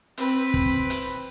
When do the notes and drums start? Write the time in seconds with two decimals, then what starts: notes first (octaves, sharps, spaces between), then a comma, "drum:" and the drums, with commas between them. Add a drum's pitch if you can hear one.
0.17 C4 B4, drum: hi-hat
0.54 drum: kick
0.90 drum: hi-hat